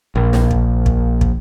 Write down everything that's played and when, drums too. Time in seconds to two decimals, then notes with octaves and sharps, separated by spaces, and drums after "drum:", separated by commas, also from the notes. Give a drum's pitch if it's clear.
0.15 A#1
0.33 drum: snare
0.51 drum: kick
0.86 drum: kick
1.21 drum: kick